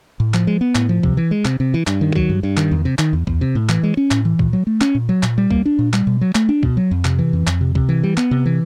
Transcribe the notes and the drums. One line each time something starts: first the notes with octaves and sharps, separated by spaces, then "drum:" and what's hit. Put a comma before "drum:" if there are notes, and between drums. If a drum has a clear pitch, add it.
A2
F3, drum: clap
G#3
B3
A2, drum: clap
F3
C3, drum: kick
E3
G#3
C3, drum: clap
C3
E3
G2, drum: clap
D#3
F#3, drum: kick
G2
G2
D#3, drum: clap
E2
C3
D#3, drum: clap
E2
E2, drum: kick
C3
A2
E3, drum: clap
G#3
C#4
A2, drum: clap
E3
A#2, drum: kick
F#3
A3
C#4, drum: clap
A#2
F#3
A#2, drum: clap
G3
A#3, drum: kick
D4
A#2
G3, drum: clap
B2
F#3
A3, drum: clap
D4
B2, drum: kick
F#3
F2
C3, drum: clap
E3
F2
F2, drum: clap
C3
C3, drum: kick
E3
G3
B3, drum: clap
C3
E3